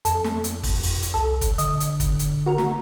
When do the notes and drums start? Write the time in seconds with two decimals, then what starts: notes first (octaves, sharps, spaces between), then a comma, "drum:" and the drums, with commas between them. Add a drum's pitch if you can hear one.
0.05 F2 A4, drum: hi-hat
0.24 drum: snare
0.44 drum: hi-hat
0.63 drum: kick, open hi-hat
0.83 drum: open hi-hat
1.02 drum: hi-hat
1.14 C2 A4
1.41 drum: kick, hi-hat
1.58 D3 D#5, drum: hi-hat
1.80 drum: hi-hat
2.00 drum: kick, hi-hat
2.19 drum: hi-hat
2.46 F#4 A#4
2.58 drum: snare